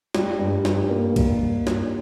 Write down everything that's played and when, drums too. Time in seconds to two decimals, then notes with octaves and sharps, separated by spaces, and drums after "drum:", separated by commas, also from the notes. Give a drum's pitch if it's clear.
0.15 G3, drum: snare
0.39 G2
0.65 G2, drum: snare
0.90 A#3
1.16 G3, drum: kick B1, cymbal
1.41 G2
1.67 G2, drum: snare